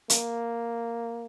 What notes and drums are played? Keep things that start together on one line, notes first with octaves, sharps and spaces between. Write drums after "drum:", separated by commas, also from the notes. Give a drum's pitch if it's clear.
A#3, drum: hi-hat